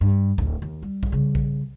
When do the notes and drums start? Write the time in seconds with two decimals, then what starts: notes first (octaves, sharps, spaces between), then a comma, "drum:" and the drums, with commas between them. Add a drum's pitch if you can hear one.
0.01 G2
0.38 D1 A1, drum: kick A#1
0.62 D#2
0.82 G3
1.03 drum: kick A#1
1.12 C#3 G3
1.35 drum: kick A#1